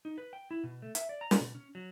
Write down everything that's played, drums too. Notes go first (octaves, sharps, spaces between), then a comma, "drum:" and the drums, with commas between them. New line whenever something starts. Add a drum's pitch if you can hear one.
D#4
B4
G5
E4
B2
A3
E5, drum: hi-hat
D5
A#5
drum: snare
B2
C#4
F#3